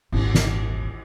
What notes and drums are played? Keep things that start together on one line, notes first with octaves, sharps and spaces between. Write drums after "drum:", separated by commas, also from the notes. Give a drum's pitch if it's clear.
D#1 G#1, drum: cymbal
drum: snare